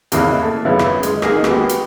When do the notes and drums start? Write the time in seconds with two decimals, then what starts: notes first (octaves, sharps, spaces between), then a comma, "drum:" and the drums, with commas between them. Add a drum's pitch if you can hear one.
0.12 E2 C#3 A#3 E4 D#5 F#6, drum: hi-hat
0.42 A3
0.65 F#2 C#3 B3 E4
0.79 drum: rim click
1.03 G#3, drum: hi-hat
1.22 A#3 D#4 G#4 A#4, drum: rim click
1.44 G#3 B3 F#4 G4, drum: rim click
1.69 drum: hi-hat